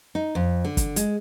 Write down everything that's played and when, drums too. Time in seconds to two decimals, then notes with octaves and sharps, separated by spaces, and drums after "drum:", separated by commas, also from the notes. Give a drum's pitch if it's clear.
0.15 D#4
0.35 F2
0.65 D3
0.77 drum: kick, hi-hat
0.96 G#3, drum: hi-hat